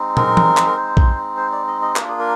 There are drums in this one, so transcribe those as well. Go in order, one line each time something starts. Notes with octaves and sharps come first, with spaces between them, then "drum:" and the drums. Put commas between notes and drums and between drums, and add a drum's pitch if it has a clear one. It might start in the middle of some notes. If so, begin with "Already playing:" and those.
Already playing: G#3 C4 D#4
A#4, drum: tom
drum: tom E3
drum: clap
A#4
C5
drum: kick A#1
C5
D5
D#5
D#5
A#3 D4 F4 A#4, drum: clap
G#4
A#4